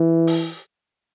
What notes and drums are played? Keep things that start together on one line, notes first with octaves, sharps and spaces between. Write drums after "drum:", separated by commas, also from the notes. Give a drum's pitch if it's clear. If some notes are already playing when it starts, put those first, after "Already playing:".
Already playing: E3
drum: open hi-hat